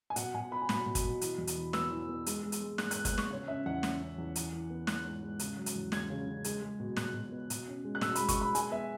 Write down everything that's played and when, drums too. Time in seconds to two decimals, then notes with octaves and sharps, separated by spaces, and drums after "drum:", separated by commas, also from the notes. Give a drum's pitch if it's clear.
0.10 G#5
0.16 B2 F#5, drum: hi-hat
0.34 B2 G#5
0.51 B3 B5
0.62 G#5
0.69 B2 B5, drum: snare
0.86 B2
0.95 drum: kick, hi-hat
1.04 B2
1.21 E3, drum: hi-hat
1.38 E2
1.47 drum: hi-hat
1.57 E3
1.73 B3 E6, drum: snare
1.91 E3
2.09 B3
2.26 G#3, drum: hi-hat
2.43 G#3
2.52 drum: hi-hat
2.61 G#3
2.78 G#2 F#6, drum: snare
2.91 F#6, drum: hi-hat
2.96 B3
3.05 F#6, drum: kick, hi-hat
3.13 B3
3.18 C#6, drum: snare
3.30 C#3 C#5
3.48 C#4 E5
3.66 E2 F#5
3.83 C#4, drum: snare
4.00 C#4
4.18 E2
4.35 E3, drum: hi-hat
4.52 E3
4.70 B3
4.87 E3 F#6, drum: snare
5.05 G#2
5.22 G#2
5.39 C#3, drum: hi-hat
5.57 F#3
5.66 drum: hi-hat
5.75 E2
5.92 C#3 G#6, drum: snare
6.10 C#3
6.27 C#3
6.44 G#3, drum: hi-hat
6.62 G#3
6.80 B2
6.97 B2 F#6, drum: snare
7.14 B2
7.32 B3
7.50 B2, drum: hi-hat
7.67 C#4
7.84 G#3
7.95 F#6
8.01 B2 E6, drum: snare
8.15 B5, drum: hi-hat
8.20 G#3
8.29 C#6, drum: kick, hi-hat
8.37 G#3 B5
8.55 G#3 G#5, drum: hi-hat
8.71 B3 E5